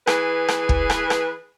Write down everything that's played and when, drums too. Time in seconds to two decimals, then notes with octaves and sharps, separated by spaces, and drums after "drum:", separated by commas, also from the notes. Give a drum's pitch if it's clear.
0.07 E3 G#4 B4, drum: rim click
0.48 drum: rim click
0.69 drum: kick
0.90 drum: rim click
1.10 drum: rim click